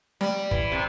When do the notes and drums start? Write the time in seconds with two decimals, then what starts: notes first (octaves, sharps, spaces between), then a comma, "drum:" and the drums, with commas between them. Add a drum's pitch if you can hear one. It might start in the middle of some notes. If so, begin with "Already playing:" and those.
0.21 G3, drum: snare
0.51 E3, drum: kick
0.72 C3